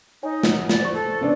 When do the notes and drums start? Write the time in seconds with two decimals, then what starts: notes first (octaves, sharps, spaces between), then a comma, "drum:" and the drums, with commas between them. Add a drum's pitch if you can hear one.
0.23 D#4 C#5 G#5
0.43 F#5, drum: snare
0.69 D5, drum: snare
0.81 C5 C#6
0.94 A4
1.21 B3 C#4 D4